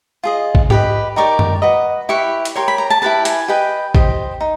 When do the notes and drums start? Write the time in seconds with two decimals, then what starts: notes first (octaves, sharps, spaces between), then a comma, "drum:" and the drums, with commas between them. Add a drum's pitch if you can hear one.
0.23 F4 G#4 D#5
0.55 drum: kick A1
0.70 G4 B4 D#5, drum: tom G#2
1.16 D#4 G4 A#4 D5 C#6
1.39 drum: tom F#2
1.62 F#4 B4 D#5
2.09 E4 G4 B4 C#6
2.45 drum: hi-hat
2.56 G4 A#4 C#5 C6
2.68 B5
2.78 A#5
2.90 A5
3.02 E4 G4 B4 A5
3.25 G#5, drum: hi-hat
3.48 G4 B4 D#5 G5
3.95 G4 C5 D#5, drum: kick A1
4.41 D#4